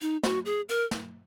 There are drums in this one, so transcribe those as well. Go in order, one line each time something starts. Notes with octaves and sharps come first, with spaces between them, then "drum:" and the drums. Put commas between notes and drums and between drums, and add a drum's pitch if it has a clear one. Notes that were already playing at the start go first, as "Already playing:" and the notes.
D#4, drum: hi-hat
F#4, drum: snare
G#4
A#4, drum: hi-hat
drum: snare